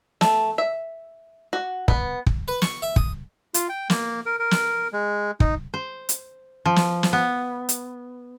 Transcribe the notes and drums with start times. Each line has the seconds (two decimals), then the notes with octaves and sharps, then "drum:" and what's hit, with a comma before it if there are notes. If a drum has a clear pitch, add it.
0.21 A3, drum: snare
0.58 E5
1.53 F#4
1.88 B3, drum: kick
2.26 drum: kick
2.48 B4
2.62 C#6, drum: snare
2.82 E5
2.96 D#6, drum: kick
3.54 F4, drum: hi-hat
3.69 G5
3.90 A#3, drum: snare
4.26 A#4
4.39 A#4
4.51 drum: snare
4.93 G#3
5.40 D#4, drum: kick
5.74 C5
6.09 drum: hi-hat
6.65 F3
6.76 drum: snare
7.03 drum: snare
7.13 B3
7.69 drum: hi-hat